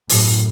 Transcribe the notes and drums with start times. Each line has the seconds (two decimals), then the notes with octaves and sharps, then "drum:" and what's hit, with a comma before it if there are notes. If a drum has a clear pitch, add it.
0.09 F#2 A2, drum: open hi-hat